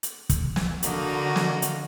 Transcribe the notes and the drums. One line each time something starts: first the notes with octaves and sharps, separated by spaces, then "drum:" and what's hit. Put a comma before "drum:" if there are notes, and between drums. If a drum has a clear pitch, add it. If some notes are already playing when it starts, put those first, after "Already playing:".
drum: hi-hat
drum: kick, hi-hat
drum: snare
D3 A#3 D#4 F#4, drum: hi-hat
drum: snare
drum: hi-hat